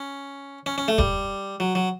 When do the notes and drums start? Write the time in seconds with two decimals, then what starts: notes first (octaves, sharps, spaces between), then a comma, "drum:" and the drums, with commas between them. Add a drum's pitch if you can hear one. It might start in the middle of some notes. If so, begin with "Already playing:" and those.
Already playing: C#4
0.66 C#4
0.78 C#4
0.88 A3
0.98 G3, drum: kick
1.60 F#3
1.75 F#3